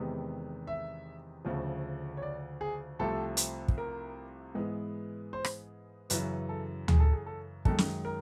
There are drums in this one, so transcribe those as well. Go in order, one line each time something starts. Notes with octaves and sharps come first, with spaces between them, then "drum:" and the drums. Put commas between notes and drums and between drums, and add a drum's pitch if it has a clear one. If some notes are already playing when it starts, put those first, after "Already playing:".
Already playing: E2 C3 D#3 G#3 B3
E5
D2 C#3 F3 A3
C#5
D5
G#4
C2 C3 F3 A3 C4 A4
drum: hi-hat
drum: kick
A#4
G#2 E3 G#3 B3
C5
drum: rim click
F#2 C#3 E3 B4, drum: hi-hat
A4
G#4, drum: tom D2
A4
G#4
A4
F#2 D#3 G#3 A4, drum: kick
drum: snare
A#4